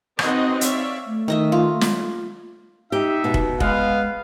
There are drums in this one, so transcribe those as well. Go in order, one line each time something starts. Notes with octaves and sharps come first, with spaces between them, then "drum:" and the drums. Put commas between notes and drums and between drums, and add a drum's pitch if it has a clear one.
C4 D#4 F#4 B4 C5 D#5, drum: rim click
C#5 D5 E5 F5, drum: hi-hat
A3
D#3 D#5 E5
F4
drum: snare
D#4 G4 E5
B2
drum: kick F1
G#3 B3 F5, drum: kick F1